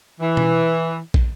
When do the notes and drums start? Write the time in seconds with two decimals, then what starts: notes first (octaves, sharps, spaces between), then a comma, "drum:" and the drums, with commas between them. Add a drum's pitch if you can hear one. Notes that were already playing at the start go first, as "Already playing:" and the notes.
0.20 E3
0.37 drum: tom B2
1.14 drum: kick